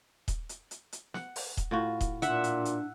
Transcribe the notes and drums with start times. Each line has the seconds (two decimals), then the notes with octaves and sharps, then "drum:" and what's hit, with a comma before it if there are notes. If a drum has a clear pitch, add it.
0.28 drum: kick D#1, hi-hat
0.49 drum: hi-hat
0.71 drum: hi-hat
0.92 drum: hi-hat
1.14 F#5, drum: snare
1.36 drum: open hi-hat
1.57 drum: kick D#1, hi-hat
1.71 A2 F4 F#4
2.01 drum: kick D#1, hi-hat
2.22 A#2 D4 E5 F#5, drum: hi-hat
2.44 drum: hi-hat
2.65 drum: hi-hat